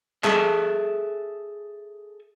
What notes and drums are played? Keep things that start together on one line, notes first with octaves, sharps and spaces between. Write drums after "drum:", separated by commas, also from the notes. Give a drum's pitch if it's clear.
G#4 A4 E5 A5, drum: clap